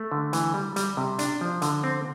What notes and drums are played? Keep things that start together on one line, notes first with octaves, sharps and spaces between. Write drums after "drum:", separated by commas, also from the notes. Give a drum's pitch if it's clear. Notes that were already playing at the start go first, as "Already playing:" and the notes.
Already playing: A3
D3
E3, drum: hi-hat
G3
G3, drum: hi-hat
C3
D4, drum: hi-hat
F3
D3, drum: hi-hat
C4